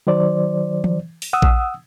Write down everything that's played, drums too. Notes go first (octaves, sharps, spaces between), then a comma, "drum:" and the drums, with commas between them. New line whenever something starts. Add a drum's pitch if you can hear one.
D#3 F#3 C5 D5
drum: tom E3
drum: open hi-hat
F#5 D#6 E6
drum: kick A#1